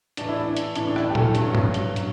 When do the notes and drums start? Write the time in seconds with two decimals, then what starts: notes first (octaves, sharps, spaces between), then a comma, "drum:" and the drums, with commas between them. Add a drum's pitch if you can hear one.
0.17 A2 E3 D4, drum: hi-hat
0.29 E4
0.40 D4
0.57 drum: hi-hat
0.76 A2 E3 D4, drum: hi-hat
0.90 D4
0.96 E4, drum: rim click
1.10 G4
1.15 A4, drum: tom A#2
1.35 G2 F#3, drum: hi-hat
1.55 drum: tom G#2
1.74 drum: hi-hat
1.96 F#3, drum: hi-hat